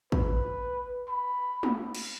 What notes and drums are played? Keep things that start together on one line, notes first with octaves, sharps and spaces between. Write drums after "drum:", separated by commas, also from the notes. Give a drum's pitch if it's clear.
B4, drum: kick
B5
drum: tom
drum: cymbal